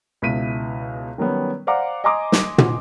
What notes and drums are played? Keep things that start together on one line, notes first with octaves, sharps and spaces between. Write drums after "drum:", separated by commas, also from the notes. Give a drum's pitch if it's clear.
C#2 B2 E4 B6 D#7
D#3 F#3 G3 B3 C#4
C5 D5 F5 F#5 A#5 D6
D#5 G#5 A#5 C6 D6 D#6
drum: snare
drum: tom